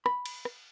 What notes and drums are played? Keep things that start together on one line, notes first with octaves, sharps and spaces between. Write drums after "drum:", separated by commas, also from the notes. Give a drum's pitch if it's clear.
B5, drum: rim click
drum: cymbal
drum: rim click